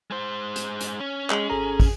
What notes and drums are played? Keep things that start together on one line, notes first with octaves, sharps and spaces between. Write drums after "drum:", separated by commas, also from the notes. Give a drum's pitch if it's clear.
G#3 C5
drum: hi-hat
drum: hi-hat
C#4
G#3, drum: clap
G#1 G#4 A4 A#5
drum: kick, open hi-hat